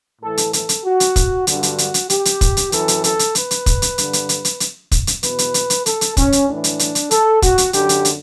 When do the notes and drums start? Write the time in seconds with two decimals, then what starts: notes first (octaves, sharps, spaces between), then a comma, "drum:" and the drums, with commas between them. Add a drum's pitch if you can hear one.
0.22 A2 E3 A4
0.37 drum: hi-hat
0.53 A4, drum: hi-hat
0.69 drum: hi-hat
0.85 F#4
1.00 drum: hi-hat
1.16 drum: kick, hi-hat
1.47 G2 D3 F#4, drum: hi-hat
1.63 drum: hi-hat
1.78 drum: hi-hat
1.94 drum: hi-hat
2.10 G4, drum: hi-hat
2.25 drum: hi-hat
2.41 drum: kick, hi-hat
2.57 drum: hi-hat
2.72 F#2 E3 A4, drum: hi-hat
2.88 drum: hi-hat
3.04 A4, drum: hi-hat
3.19 drum: hi-hat
3.35 B4, drum: hi-hat
3.51 drum: hi-hat
3.66 drum: kick, hi-hat
3.82 drum: hi-hat
3.98 G2 D3, drum: hi-hat
4.13 drum: hi-hat
4.29 drum: hi-hat
4.45 drum: hi-hat
4.60 drum: hi-hat
4.92 drum: kick, hi-hat
5.07 drum: hi-hat
5.23 E2 B2 B4, drum: hi-hat
5.39 drum: hi-hat
5.54 drum: hi-hat
5.70 drum: hi-hat
5.86 A4, drum: hi-hat
6.01 drum: hi-hat
6.17 C#4, drum: kick, hi-hat
6.32 drum: hi-hat
6.48 A2 E3 D4
6.64 drum: hi-hat
6.79 drum: hi-hat
6.95 drum: hi-hat
7.11 A4, drum: hi-hat
7.42 F#4, drum: kick, hi-hat
7.58 drum: hi-hat
7.73 F#2 D3 G4, drum: hi-hat
7.89 drum: hi-hat
8.05 drum: hi-hat